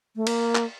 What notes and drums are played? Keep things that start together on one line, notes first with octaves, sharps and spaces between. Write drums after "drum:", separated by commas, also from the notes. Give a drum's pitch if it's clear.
A3
A#3, drum: cymbal
drum: clap